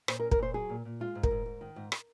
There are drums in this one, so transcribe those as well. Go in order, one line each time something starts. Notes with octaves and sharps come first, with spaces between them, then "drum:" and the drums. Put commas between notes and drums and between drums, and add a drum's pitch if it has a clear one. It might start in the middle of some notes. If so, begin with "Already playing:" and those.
A#2 C5, drum: rim click
A#4
C#4
A#4, drum: kick
A#2 C5
F#3 G#4
A#2
A#2
G#3 F4
G#2
A#4, drum: kick
G#2
G#2
D#3
G#2
drum: rim click